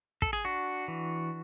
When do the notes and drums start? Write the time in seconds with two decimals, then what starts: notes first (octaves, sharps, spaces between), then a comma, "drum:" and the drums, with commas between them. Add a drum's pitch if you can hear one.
0.22 A4, drum: kick
0.33 G#4
0.44 D4 F#4
0.88 E3